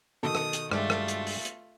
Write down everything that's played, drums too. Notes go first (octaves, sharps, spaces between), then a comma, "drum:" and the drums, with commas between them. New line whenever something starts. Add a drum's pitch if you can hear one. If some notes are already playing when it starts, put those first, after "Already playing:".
B2 D#3 A4 D#5 D#6
drum: rim click
drum: hi-hat
G2 G#3 A3 F4 D5, drum: rim click
drum: rim click
drum: hi-hat
drum: open hi-hat
drum: hi-hat